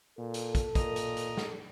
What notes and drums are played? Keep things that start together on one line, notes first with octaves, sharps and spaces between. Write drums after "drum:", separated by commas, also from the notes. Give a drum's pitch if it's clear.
A#2 A4
drum: hi-hat
drum: kick, hi-hat
A#2 A#4 D#5 A#5, drum: kick, hi-hat
drum: hi-hat
drum: hi-hat
drum: snare